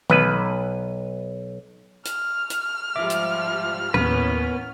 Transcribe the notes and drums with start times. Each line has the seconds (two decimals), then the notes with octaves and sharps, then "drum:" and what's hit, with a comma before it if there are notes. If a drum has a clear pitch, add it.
0.10 B1 B4, drum: tom D#3
2.05 F6, drum: hi-hat
2.50 drum: hi-hat
2.96 G#2 F3 G3 E5 D6
3.10 drum: hi-hat
3.94 D#2 E3 A#3 B3 C#4 B4, drum: tom A2